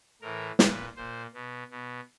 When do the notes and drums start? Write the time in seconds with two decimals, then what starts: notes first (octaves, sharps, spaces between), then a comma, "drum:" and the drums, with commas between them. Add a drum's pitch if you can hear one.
0.22 A2 E3 A#4
0.59 A#2 B4, drum: snare
0.96 A#2 C5
1.34 B2
1.71 B2